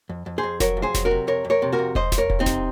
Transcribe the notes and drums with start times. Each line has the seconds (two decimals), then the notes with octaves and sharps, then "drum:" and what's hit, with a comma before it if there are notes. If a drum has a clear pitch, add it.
0.09 F2
0.26 F2
0.38 G#4 C5
0.43 F2
0.60 F#3 A#4 C#5, drum: snare F1
0.77 F2
0.82 G#4 C5
0.95 F#3, drum: snare F1
1.05 F#4 A#4
1.11 C3
1.27 F2 A#4 C#5
1.45 F2
1.50 A#4 C#5
1.62 C3
1.72 F#4 A#4
1.78 F2
1.95 F2 C5 D#5, drum: kick E1
2.12 F2, drum: snare F1
2.18 A#4 C#5
2.30 F2, drum: kick E1
2.40 C4 D#4
2.46 C3, drum: snare F1